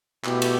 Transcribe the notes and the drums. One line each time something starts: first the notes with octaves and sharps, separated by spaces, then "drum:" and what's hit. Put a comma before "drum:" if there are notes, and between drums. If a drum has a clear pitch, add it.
B2 A3 E4 G4, drum: clap
drum: cymbal